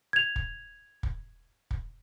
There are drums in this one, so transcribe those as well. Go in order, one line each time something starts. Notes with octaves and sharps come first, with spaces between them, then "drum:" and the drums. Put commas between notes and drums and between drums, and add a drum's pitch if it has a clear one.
G#6 F7
drum: kick
drum: kick
drum: kick